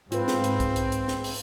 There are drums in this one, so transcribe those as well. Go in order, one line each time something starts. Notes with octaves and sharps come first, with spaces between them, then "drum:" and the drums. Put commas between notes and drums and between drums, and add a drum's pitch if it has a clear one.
G#2 C4 F4 B4, drum: hi-hat
drum: snare
drum: hi-hat
drum: kick, hi-hat
drum: hi-hat
drum: hi-hat
drum: snare
drum: open hi-hat